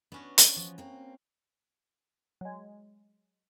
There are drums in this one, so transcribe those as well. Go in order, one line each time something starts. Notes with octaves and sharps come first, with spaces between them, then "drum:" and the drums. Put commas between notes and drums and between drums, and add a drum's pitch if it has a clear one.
B3 C#4 D4 F#4
drum: hi-hat
F3
A#3 C4
F#3 G#3